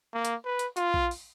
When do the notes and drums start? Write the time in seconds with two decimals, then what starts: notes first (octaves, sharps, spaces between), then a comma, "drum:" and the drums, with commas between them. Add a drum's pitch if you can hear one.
0.13 A#3
0.25 drum: hi-hat
0.45 B4
0.59 drum: hi-hat
0.77 F4, drum: hi-hat
0.94 drum: kick A#1
1.11 drum: open hi-hat